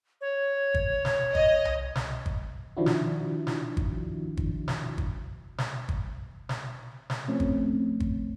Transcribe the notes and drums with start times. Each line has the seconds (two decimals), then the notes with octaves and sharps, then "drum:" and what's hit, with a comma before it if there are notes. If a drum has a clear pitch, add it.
0.21 C#5
0.74 drum: kick
1.05 drum: snare
1.35 D#5, drum: kick
1.65 drum: tom C2
1.95 drum: snare
2.26 drum: kick
2.77 D#3 F3 D4 E4 F#4
2.86 drum: snare
3.47 drum: snare
3.77 drum: kick
4.37 drum: kick
4.68 drum: snare
4.98 drum: kick
5.58 drum: snare
5.89 drum: kick
6.49 drum: snare
7.10 drum: snare
7.28 F3 A3 C4 C#4
7.40 drum: kick
8.00 drum: kick